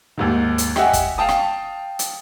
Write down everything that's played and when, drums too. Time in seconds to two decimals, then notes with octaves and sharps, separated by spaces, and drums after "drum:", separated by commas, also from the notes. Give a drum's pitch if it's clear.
0.18 D#2 G#2 D#3
0.58 drum: hi-hat
0.76 G4 D#5 E5 F#5 G#5, drum: rim click
0.93 drum: kick, hi-hat
1.18 F5 G5 A5 D#6
1.29 drum: rim click
1.99 drum: hi-hat